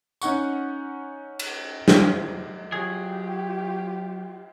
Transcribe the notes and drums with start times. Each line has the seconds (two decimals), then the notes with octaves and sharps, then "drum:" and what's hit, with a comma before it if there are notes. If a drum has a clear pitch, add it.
0.22 C#4 D#4 F#5 C#6, drum: tambourine
1.39 drum: cymbal
1.88 drum: snare
2.72 F#3 F4 G4 G#4